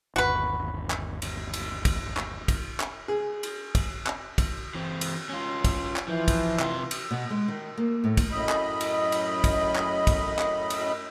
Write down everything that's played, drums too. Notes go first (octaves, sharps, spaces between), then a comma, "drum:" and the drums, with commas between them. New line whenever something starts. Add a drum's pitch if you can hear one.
G1 D#2 F#4 B4
drum: clap
drum: cymbal
drum: cymbal
drum: kick, cymbal
drum: clap
drum: kick, cymbal
drum: clap
G#4
drum: cymbal
drum: kick, cymbal
drum: clap
drum: kick, cymbal
E3 C4
drum: cymbal
C#4 F4
drum: kick, cymbal
drum: clap
E3 F3
drum: kick, cymbal
C3 F4, drum: clap
drum: cymbal
B2
G#3
D#3
A#3
A2
drum: kick, cymbal
F#2 A2 D#5 B5
drum: clap
drum: cymbal
drum: cymbal
drum: kick, cymbal
drum: clap
drum: kick, cymbal
drum: clap
drum: cymbal